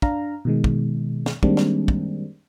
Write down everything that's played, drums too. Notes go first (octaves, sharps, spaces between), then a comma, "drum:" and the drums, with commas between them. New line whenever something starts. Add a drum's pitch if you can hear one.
D4 F5 A#5, drum: kick
B2 D#3 G#3
drum: kick
drum: snare
D#3 G3 G#3 A#3 C4 D4, drum: kick
drum: snare
drum: kick